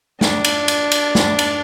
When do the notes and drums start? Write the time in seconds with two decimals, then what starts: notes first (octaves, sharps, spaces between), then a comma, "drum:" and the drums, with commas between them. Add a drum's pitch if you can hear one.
0.21 D4, drum: snare
0.44 drum: cymbal
0.68 drum: cymbal
0.92 drum: cymbal
1.15 drum: snare
1.39 drum: cymbal